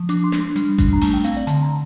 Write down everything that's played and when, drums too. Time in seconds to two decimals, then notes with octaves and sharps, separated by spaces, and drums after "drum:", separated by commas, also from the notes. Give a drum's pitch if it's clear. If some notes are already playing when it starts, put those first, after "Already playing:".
Already playing: F3
0.09 D4 D6, drum: hi-hat
0.24 C6
0.32 D4, drum: snare
0.40 C6
0.56 G3, drum: hi-hat
0.78 D4, drum: kick A1, hi-hat
0.93 A#5
1.01 A3 A5, drum: open hi-hat
1.14 G5
1.24 C4 F5, drum: hi-hat
1.37 D5
1.47 D3 A5, drum: hi-hat
1.63 A#5